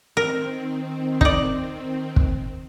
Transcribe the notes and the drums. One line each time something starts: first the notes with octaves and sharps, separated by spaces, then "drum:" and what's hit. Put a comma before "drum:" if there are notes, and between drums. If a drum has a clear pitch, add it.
D#3 C4 A#4
D#4 D5, drum: kick
drum: kick